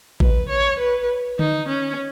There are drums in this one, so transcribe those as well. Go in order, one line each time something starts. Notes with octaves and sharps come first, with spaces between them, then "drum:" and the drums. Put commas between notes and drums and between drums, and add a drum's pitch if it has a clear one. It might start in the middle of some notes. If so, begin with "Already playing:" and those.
B4, drum: kick A1
C#5
B4
D#4, drum: tom D3
C#4